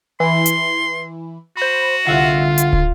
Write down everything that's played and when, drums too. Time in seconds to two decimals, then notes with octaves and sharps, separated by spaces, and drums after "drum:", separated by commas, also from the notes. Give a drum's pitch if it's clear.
0.20 E3 E4 C6
0.46 drum: hi-hat
1.57 F#4 C5 B5
2.07 C2 D3 F4 E5 F#5
2.58 drum: hi-hat
2.73 drum: kick